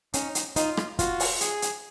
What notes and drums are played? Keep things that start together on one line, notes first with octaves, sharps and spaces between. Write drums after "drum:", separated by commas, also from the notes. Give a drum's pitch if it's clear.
C#4 D#4, drum: hi-hat
drum: hi-hat
D#4 F4, drum: hi-hat
drum: rim click
F4 F#4, drum: kick, hi-hat
drum: open hi-hat
G#4, drum: hi-hat
drum: hi-hat